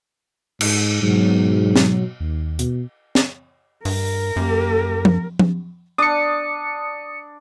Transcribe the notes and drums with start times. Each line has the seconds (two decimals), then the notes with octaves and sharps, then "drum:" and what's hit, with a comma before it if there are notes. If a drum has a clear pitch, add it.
0.61 G#2, drum: cymbal
1.02 G#2 B2 F#3
1.76 drum: snare
2.20 D#2
2.59 B2, drum: hi-hat
3.15 drum: snare
3.85 G2 A#4, drum: open hi-hat
4.36 F#2 A#3 G4
5.05 drum: tom F3
5.39 drum: tom F3
5.98 D4 D6 D#6 C#7